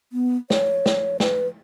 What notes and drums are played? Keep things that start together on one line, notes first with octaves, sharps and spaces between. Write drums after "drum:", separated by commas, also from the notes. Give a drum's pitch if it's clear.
B3
C#5, drum: snare
drum: snare
B4, drum: snare